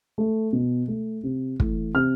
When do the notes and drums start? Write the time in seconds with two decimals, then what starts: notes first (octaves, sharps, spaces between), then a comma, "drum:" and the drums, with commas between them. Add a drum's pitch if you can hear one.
0.18 A3
0.53 B2
0.88 A3
1.23 C3
1.60 E3 A3, drum: kick
1.95 C3 F6